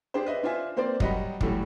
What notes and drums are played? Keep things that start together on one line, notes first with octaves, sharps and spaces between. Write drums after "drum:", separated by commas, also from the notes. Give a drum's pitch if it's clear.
D4 G4 G#4 C5
B4 D#5 E5
D4 F4 C5 E5 G#5
A#3 C4 C5 D5
F#3 G3 D#5 F#5 B5, drum: kick
A2 E3 F#3 G3 A3, drum: kick